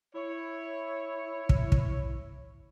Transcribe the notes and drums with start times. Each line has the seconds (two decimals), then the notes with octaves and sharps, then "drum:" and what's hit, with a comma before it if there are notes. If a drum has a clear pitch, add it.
0.14 E4 C#5
1.49 drum: kick
1.72 drum: kick